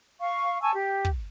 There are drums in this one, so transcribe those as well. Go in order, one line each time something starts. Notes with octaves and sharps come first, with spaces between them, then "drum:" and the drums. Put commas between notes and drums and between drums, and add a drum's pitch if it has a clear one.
F5 C#6
G#5 A5 C#6 E6
G4
drum: kick